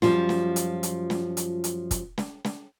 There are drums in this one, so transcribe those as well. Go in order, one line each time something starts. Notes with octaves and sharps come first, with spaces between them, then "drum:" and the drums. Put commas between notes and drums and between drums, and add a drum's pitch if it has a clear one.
F#2 F3 G3 F4, drum: snare
drum: snare
drum: hi-hat
drum: hi-hat
drum: snare
drum: hi-hat
drum: hi-hat
drum: kick, hi-hat
drum: snare
drum: snare